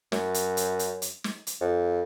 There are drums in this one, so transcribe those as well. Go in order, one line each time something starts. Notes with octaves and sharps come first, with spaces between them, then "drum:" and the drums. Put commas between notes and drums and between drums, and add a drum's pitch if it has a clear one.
F#2, drum: snare
drum: hi-hat
drum: hi-hat
drum: hi-hat
drum: hi-hat
drum: snare
drum: hi-hat
F2